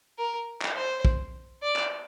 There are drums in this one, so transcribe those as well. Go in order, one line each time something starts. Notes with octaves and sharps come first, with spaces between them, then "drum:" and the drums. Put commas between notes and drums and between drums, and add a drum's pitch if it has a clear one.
A#4
drum: clap
C5
drum: kick
D5
drum: clap